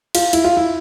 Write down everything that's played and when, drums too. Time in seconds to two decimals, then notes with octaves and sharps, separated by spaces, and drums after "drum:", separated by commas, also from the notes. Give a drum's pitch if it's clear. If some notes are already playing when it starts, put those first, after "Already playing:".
0.15 F4, drum: cymbal
0.33 E4, drum: cymbal
0.44 F4
0.57 E4